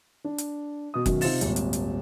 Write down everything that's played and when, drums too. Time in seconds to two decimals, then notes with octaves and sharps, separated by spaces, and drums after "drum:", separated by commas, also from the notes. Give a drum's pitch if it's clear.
0.24 D4
0.38 drum: hi-hat
0.94 B2 D#6
1.06 F#2 B2 D#3, drum: kick F#1, hi-hat
1.21 C3 C4 D#4 F4 A6 E7, drum: open hi-hat
1.41 D#1 G#1, drum: hi-hat
1.56 drum: hi-hat
1.73 drum: hi-hat